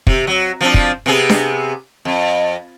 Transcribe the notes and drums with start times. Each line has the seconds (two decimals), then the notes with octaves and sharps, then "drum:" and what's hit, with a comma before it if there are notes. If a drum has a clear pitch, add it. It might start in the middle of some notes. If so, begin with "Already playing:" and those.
0.07 C3, drum: kick
0.27 F#3
0.61 F3 C4 D4
0.74 drum: kick
1.06 C3 B3 G#4
1.29 drum: snare D4
2.05 F2